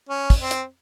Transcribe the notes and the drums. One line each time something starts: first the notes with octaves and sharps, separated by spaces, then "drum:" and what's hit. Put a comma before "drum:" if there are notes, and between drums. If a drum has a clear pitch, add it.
C#4
drum: kick, open hi-hat
C4
drum: hi-hat